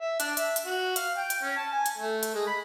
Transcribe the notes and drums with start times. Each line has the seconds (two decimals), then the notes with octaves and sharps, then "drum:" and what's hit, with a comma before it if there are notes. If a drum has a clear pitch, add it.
0.01 E5
0.20 D4, drum: hi-hat
0.37 E5, drum: hi-hat
0.56 drum: hi-hat
0.65 F#4
0.96 F5, drum: hi-hat
1.17 G5
1.30 drum: hi-hat
1.43 C#4
1.57 A5
1.72 G#5
1.86 drum: hi-hat
1.97 A3
2.23 drum: hi-hat
2.34 G#3
2.47 B5